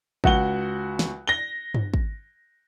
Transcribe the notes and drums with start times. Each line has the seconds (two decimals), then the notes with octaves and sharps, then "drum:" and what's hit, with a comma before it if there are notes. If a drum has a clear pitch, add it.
0.24 C#2 F#4 F#5 G7, drum: kick
0.99 drum: snare
1.28 A#6 G7
1.74 drum: tom G2
1.94 drum: kick